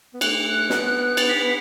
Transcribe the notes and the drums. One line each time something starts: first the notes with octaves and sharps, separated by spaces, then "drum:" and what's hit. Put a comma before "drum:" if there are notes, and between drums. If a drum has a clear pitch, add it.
B3
A3 F#6, drum: cymbal
B3, drum: snare
A6, drum: cymbal
B6
B6